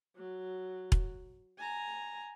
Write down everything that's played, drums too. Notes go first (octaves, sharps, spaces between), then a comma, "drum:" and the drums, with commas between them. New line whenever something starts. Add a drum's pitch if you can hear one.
F#3
drum: kick E1
G#5 A#5